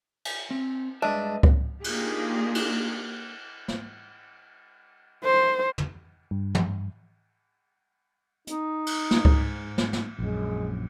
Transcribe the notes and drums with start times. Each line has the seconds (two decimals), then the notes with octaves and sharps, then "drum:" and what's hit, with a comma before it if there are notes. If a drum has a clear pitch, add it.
0.25 drum: cymbal
0.51 C4
1.02 G2 G#3 D4 B4 D#5 E5 A5
1.43 drum: kick C#2
1.84 A#3 D4 D#4 F4 G4 G#4, drum: cymbal
2.55 drum: cymbal
3.68 drum: snare
5.24 C5
5.78 drum: tom
6.31 G2
6.55 drum: tom
8.47 D#4, drum: hi-hat
8.86 drum: cymbal
9.11 drum: snare
9.25 G#2, drum: kick C#2
9.78 drum: snare
9.93 drum: snare
10.19 A#1 F#2 G#3